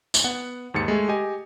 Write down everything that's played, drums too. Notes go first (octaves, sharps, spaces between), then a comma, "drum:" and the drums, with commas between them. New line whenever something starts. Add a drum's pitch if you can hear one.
drum: tambourine
B3 F#5
D#2 G#2 A6 C#7
G#3 A3 G#4
G4 D#5 G#5